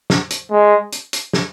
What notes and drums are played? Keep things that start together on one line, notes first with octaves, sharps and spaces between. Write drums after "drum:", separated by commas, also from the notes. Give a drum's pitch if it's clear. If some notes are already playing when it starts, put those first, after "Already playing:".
drum: snare
drum: hi-hat
G#3
drum: hi-hat
drum: hi-hat
drum: snare